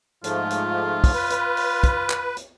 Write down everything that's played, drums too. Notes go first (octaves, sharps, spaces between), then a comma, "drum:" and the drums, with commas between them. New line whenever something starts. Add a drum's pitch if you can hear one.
G#2 F3 A3 F4, drum: hi-hat
drum: hi-hat
drum: kick, open hi-hat
B4
drum: hi-hat
drum: open hi-hat
drum: kick, hi-hat
drum: clap
drum: hi-hat